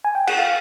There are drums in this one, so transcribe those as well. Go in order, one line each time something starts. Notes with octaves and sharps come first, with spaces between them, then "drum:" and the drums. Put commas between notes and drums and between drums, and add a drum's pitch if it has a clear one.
G#5
G5
F#5, drum: cymbal
F5